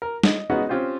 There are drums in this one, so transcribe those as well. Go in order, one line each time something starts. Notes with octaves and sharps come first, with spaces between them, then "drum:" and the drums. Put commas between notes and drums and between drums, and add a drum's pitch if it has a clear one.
A#4
D#5, drum: snare
G#3 B3 C#4 D#4 F#4 F#5
C4 C#4 F4 G4 C5